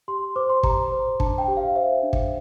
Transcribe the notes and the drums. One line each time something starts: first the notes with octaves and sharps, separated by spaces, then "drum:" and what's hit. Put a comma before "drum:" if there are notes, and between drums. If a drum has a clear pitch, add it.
G4 C6
C5 D6
C6
G4 A#5, drum: kick
C5
D4 A5, drum: kick
G5
G4
F5
C5 E5
D4
drum: kick